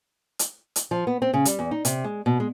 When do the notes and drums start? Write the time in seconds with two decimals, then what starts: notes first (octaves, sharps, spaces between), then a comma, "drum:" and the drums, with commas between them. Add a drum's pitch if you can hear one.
0.39 drum: hi-hat
0.76 drum: hi-hat
0.91 F3
1.07 B3
1.22 C4
1.34 C#3
1.45 G3, drum: hi-hat
1.59 E2
1.71 D#4
1.85 C3, drum: hi-hat
2.04 G#3
2.26 B2
2.40 G#3